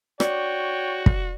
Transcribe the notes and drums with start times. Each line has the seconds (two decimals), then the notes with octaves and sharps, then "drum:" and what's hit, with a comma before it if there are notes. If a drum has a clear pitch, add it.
0.20 F#4 C#5 D5 G5, drum: rim click
1.06 drum: kick